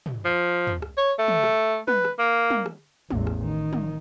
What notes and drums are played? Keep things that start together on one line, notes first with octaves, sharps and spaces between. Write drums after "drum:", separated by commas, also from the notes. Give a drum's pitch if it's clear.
drum: tom
F3
drum: tom
drum: rim click
C#5
A3
drum: tom
drum: rim click
B4, drum: tom
drum: rim click
A#3
drum: tom
drum: rim click
A1 E2, drum: tom
drum: rim click
D#3
drum: tom